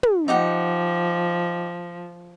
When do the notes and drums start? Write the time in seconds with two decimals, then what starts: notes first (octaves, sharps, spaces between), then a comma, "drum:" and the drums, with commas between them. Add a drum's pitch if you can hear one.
0.03 drum: tom
0.28 F3 D#4 G4 F#5